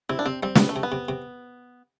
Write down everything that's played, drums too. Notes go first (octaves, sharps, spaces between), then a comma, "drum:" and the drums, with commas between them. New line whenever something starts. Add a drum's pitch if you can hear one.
C3 C4 E4
D4
C3 C4
G3 C4
C3 B3, drum: snare
A3
C3
B3
C3
C3